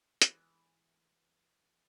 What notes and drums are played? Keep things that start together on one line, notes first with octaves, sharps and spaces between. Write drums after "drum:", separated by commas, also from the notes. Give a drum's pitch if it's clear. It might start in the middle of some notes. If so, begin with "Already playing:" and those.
E3 G#3 B3, drum: hi-hat